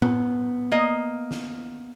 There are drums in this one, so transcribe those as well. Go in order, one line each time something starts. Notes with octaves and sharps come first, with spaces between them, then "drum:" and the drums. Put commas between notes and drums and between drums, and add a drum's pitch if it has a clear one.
B3, drum: tom A2
A#3 D#5
drum: snare